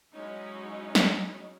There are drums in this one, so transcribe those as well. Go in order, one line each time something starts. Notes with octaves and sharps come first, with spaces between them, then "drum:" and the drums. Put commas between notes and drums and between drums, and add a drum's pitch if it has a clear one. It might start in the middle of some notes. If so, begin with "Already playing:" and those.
F#3 G#3 C#4 D#4 E4
drum: snare